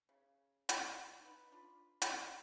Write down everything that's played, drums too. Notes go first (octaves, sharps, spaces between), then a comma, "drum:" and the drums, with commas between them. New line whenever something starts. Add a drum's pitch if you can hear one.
C#3
drum: hi-hat
D#4 B4
D4 F4 B5
drum: hi-hat
D#3 C#4